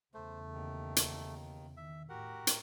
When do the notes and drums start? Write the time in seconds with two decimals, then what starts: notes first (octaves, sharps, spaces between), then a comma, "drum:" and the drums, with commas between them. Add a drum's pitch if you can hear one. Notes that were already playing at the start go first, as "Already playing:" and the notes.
0.14 E2 C#3 A3 C5
0.52 D#2 D#3
0.96 drum: hi-hat
1.77 D#3 E5
2.09 A2 F#4 G4 A#4 F#5
2.47 drum: hi-hat